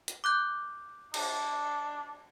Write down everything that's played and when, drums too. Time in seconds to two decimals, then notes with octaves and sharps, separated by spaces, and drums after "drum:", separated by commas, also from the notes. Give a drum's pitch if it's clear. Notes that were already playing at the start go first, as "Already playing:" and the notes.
0.08 drum: hi-hat
0.24 D6 F#6 G6
1.14 D4, drum: cymbal